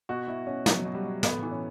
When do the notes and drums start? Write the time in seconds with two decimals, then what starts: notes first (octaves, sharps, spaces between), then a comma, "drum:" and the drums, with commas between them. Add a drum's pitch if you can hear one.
0.09 B2 F#4
0.28 B2 E4
0.47 B2 C#4
0.66 B2 F#3, drum: snare
0.85 B2
0.95 G3
1.04 B2
1.23 A2 B3, drum: snare
1.43 E3
1.51 C#4